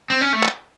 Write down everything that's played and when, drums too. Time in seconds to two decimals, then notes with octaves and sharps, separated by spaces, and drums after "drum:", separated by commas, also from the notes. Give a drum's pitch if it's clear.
0.10 C4
0.21 C#4
0.33 A3
0.44 drum: clap